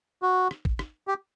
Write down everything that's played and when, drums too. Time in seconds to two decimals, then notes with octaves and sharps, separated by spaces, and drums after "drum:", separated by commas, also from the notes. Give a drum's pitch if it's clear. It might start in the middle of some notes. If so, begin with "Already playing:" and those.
0.22 F#4
0.51 drum: rim click
0.65 drum: kick
0.79 drum: rim click
1.08 G4